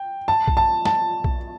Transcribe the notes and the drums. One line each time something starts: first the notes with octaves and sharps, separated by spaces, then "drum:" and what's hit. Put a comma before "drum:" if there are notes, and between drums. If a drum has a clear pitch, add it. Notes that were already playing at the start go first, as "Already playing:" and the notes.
Already playing: G5
A5
drum: kick B1
A5
A5, drum: snare
drum: kick B1